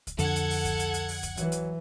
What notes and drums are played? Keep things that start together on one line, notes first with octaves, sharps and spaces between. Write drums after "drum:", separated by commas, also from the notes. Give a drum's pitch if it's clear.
drum: kick C2, hi-hat
F2 D3 A4 F#5 G#6, drum: hi-hat
drum: hi-hat
drum: open hi-hat
drum: kick C2, hi-hat
drum: hi-hat
drum: hi-hat
drum: open hi-hat
drum: kick C2, hi-hat
E3 F#3, drum: hi-hat
drum: hi-hat